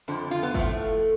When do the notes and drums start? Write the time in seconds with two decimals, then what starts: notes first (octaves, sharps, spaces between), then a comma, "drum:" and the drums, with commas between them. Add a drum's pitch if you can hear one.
0.08 F2 D3 F3
0.31 F4
0.43 B3
0.54 A2 F3 A3, drum: kick F#1